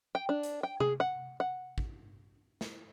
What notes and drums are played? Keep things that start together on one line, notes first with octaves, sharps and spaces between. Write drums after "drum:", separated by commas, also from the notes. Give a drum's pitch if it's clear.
G5
D4
drum: hi-hat
G5
G#4, drum: tom C3
F#5
F#5
drum: kick A1
drum: snare